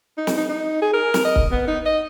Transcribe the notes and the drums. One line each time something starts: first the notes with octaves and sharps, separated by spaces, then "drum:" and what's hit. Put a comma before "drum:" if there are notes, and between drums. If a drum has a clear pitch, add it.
D#4
drum: snare
D#4
D#4
G#4
A#4
drum: snare
D#5
drum: kick C#1
B3
D#4
D#5